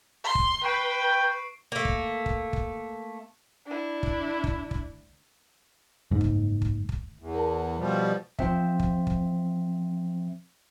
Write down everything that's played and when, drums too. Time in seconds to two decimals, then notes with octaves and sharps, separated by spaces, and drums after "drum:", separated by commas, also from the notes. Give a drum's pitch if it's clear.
0.24 C6
0.35 drum: kick
0.64 B4 G5 C#6 C7 D7
1.72 A3 A#3
1.85 drum: kick
2.26 drum: kick
2.53 drum: kick
3.66 D4 E4
4.03 drum: kick
4.44 drum: kick
4.71 drum: kick
6.11 F#1 G#2
6.21 drum: kick
6.62 drum: kick
6.89 drum: kick
7.19 E2
7.35 A#4 A5
7.78 B2 F3 G3
8.39 F3 C4 E5, drum: kick
8.79 drum: kick
9.07 drum: kick